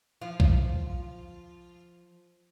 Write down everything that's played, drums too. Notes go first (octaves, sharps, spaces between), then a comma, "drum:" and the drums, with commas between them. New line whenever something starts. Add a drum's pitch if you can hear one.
F3 F4
drum: kick B1